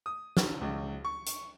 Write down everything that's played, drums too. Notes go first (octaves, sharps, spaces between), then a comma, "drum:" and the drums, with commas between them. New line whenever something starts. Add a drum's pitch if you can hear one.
D#6
drum: snare
C#2
C#6
drum: hi-hat